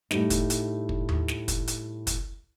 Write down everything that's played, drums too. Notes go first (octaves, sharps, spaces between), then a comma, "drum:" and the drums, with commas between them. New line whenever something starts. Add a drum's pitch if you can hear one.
A2 G3 D#4, drum: snare
drum: kick, hi-hat
drum: hi-hat
drum: kick
drum: tom D#2
drum: snare
drum: kick, hi-hat
drum: hi-hat
drum: kick, hi-hat